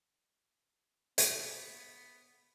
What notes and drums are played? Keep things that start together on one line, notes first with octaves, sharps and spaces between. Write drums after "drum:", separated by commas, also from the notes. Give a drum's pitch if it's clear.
B3, drum: hi-hat